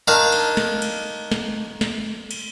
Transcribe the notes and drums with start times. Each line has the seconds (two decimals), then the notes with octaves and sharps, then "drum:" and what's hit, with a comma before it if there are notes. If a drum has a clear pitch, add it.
0.08 D#3 D4 F5
0.32 drum: cymbal
0.57 drum: snare
0.82 drum: cymbal
1.31 drum: snare
1.81 drum: snare
2.31 drum: cymbal